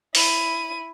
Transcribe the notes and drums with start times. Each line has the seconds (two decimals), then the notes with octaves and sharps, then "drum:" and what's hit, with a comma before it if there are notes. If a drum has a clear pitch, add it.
0.15 E4 D#7, drum: open hi-hat